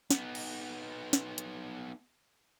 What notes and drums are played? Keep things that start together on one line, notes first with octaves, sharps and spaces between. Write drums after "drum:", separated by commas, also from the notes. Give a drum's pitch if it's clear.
B3 D#4, drum: snare
drum: cymbal
drum: snare
drum: hi-hat